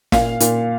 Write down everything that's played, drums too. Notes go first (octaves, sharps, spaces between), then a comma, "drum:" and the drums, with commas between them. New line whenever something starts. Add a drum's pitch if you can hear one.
A#2 F5, drum: snare
A#2, drum: hi-hat